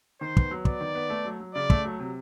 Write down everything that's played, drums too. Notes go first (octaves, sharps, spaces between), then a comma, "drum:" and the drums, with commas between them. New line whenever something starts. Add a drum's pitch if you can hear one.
D#3 C5
B3, drum: kick
F#3
B3 D5, drum: kick
D#3
B3
A3
F#3
F#3
C#3 D5
A3, drum: kick
F#3
C3